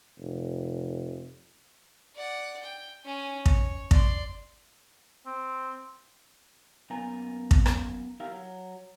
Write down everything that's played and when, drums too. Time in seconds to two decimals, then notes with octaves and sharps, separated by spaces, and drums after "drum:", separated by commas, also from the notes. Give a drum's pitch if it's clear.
0.18 F1
2.15 D5 F#5
2.63 G5
3.04 C#4 G#5
3.46 C#5, drum: kick
3.91 D5 C6, drum: kick
5.26 C4
6.90 F#2 A#3 B3 A#4 G#5 A#5
7.51 drum: kick
7.66 drum: rim click
8.20 E4 G4 A#4 F5
8.32 F#3